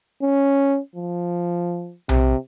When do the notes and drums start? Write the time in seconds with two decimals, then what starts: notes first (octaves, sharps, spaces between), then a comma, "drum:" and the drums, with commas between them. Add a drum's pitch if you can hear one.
0.22 C#4
0.95 F3
2.09 C3, drum: tom B1